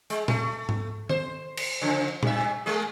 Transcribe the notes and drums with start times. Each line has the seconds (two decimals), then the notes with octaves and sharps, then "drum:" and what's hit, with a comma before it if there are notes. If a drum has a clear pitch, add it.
0.10 G#3, drum: hi-hat
0.28 A3, drum: tom A#2
0.69 drum: tom G#2
1.09 C5, drum: tom D#3
1.57 drum: cymbal
1.81 C#3 F3
2.23 G2 E5, drum: tom A#2
2.66 G#3 A3 G#4